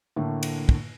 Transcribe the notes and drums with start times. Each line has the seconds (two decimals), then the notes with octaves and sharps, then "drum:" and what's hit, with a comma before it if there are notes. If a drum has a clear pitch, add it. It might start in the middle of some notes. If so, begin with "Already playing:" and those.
0.16 A2 D3 A3 A#3
0.43 drum: cymbal
0.69 drum: kick